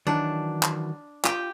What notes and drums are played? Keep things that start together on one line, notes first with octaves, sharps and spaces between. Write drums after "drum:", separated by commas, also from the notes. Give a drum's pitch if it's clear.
D#3 E3 F#3 D4
drum: clap
F4 G4 G5, drum: clap